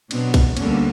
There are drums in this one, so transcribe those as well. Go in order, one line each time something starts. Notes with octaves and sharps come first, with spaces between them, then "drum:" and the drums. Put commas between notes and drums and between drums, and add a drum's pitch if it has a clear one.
B2 F#3 B3 C4 D4, drum: cymbal
drum: kick, cymbal
D2 D3 G3 A#3 B3 C#4, drum: cymbal